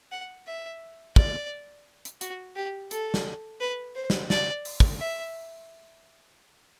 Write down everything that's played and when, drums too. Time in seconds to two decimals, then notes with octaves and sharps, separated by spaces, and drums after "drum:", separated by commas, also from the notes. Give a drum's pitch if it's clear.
0.12 F#5
0.47 E5
1.16 D5, drum: kick
2.05 drum: hi-hat
2.21 F#4, drum: hi-hat
2.56 G4
2.91 A4, drum: hi-hat
3.14 drum: snare
3.60 B4
3.95 C5
4.10 drum: snare
4.30 D5, drum: snare
4.65 drum: open hi-hat
4.80 drum: kick
5.00 E5